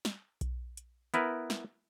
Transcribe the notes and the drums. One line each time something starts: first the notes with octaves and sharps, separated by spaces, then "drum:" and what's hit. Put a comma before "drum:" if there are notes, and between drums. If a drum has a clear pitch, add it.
drum: snare
drum: kick B1, hi-hat
drum: hi-hat
B3 E4 A#4 B4, drum: hi-hat
drum: snare